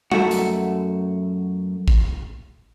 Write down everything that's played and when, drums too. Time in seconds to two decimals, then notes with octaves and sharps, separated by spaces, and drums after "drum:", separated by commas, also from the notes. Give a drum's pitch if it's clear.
0.11 F#2 A3 F#4, drum: tom G3
0.31 drum: hi-hat
1.88 drum: kick